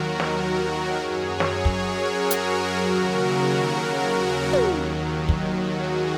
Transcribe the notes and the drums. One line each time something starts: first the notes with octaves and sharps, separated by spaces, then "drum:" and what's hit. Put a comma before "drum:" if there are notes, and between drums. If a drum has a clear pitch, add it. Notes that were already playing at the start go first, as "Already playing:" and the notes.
Already playing: D#2 D#3 F#3 F#4 A#4
drum: snare
F#2 F#3 G#4 C#5
G#4 C#5, drum: snare
drum: kick
F#4 A#4
G#4, drum: hi-hat
D#2 C#3 F#3 F#4 A#4
F#4 A#4
D#2 D#3 F#3, drum: tom
drum: kick
F#4
G#4